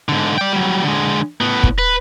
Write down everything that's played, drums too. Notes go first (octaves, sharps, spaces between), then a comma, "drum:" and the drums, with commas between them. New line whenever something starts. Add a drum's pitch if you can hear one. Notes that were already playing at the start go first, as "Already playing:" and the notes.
G#2 D3
D5 G5
F#3 G3
D3 G#3
A2 B3
drum: kick
B4